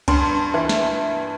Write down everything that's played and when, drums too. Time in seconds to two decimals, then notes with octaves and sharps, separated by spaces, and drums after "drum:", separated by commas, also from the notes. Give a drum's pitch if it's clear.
0.08 G2 C6, drum: kick C#2, cymbal
0.54 E3
0.69 drum: snare